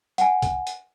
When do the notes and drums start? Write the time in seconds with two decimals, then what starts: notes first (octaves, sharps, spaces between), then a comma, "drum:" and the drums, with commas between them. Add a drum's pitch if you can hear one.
0.18 F#5 G#5, drum: hi-hat
0.42 drum: kick, hi-hat
0.67 drum: hi-hat